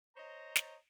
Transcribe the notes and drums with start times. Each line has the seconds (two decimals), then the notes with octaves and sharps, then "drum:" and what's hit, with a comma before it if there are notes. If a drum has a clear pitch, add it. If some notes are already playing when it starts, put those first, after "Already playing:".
0.16 C5 C#5 D#5 A#5
0.56 drum: snare